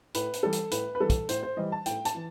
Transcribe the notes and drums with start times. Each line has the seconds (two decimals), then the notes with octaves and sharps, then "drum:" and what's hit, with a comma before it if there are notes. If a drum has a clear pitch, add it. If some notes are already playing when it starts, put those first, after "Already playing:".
0.14 A2 B4, drum: hi-hat
0.33 drum: hi-hat
0.43 E3 G3 A4
0.53 drum: hi-hat
0.71 A2 B4, drum: hi-hat
0.95 B4
1.00 E3 G3 A4
1.10 drum: kick, hi-hat
1.29 A2 C5, drum: hi-hat
1.43 C5
1.57 E3 G3 D#5
1.72 A5
1.86 A2 G5, drum: hi-hat
2.05 A5, drum: hi-hat
2.15 E3